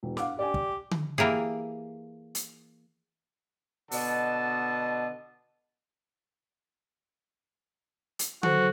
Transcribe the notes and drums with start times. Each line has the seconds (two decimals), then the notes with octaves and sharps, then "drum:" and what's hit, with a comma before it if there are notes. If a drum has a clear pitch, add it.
0.03 E1
0.17 F5 F#5 D6, drum: snare
0.39 G4 D5 G#5
0.54 drum: kick
0.91 drum: tom D3
1.18 E3 A#3 G4 G#4
2.35 drum: hi-hat
3.91 B2 D3 D#5 A5, drum: open hi-hat
8.19 drum: hi-hat
8.43 F#3 F#4 A4 C5, drum: tom D3